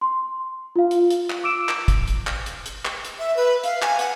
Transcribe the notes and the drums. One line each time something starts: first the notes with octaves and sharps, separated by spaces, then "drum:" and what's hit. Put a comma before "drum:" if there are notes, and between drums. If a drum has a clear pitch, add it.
C6
F4 F5
drum: hi-hat
drum: hi-hat
drum: clap
D6 E6 D7 E7
drum: clap
drum: kick, hi-hat
drum: hi-hat
drum: clap
drum: hi-hat
drum: hi-hat
drum: clap
drum: hi-hat
E5
B4
F5, drum: hi-hat
G#5, drum: clap
F#5, drum: hi-hat